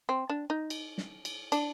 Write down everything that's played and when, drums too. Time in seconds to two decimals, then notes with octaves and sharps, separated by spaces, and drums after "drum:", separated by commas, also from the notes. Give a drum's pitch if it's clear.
0.09 C4
0.30 D4
0.50 D#4
0.70 drum: cymbal
0.98 drum: snare
1.25 drum: cymbal
1.52 D4, drum: cymbal